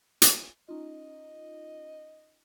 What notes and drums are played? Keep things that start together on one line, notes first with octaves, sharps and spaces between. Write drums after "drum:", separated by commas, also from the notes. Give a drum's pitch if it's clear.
drum: hi-hat
C#4 D#4 F4 D#5